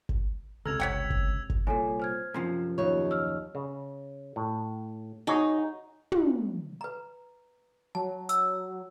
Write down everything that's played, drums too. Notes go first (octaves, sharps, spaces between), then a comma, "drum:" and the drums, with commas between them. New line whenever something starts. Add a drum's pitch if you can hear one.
drum: kick G1
C#2 C3 A4 A#5 E6 F6 G#6 F7
G1 C#5 F#5 G5 B6
drum: kick G1
drum: kick G1
C2 A#2 A4 C#5 G#5
C5 F6 G#6
F#2 C3 F3
D#2 F4 C#5
E6 F6
C#3
A2
D#4 F#4 G#4 C#5
drum: tom
B4 A#5
F#3 A5
E6, drum: hi-hat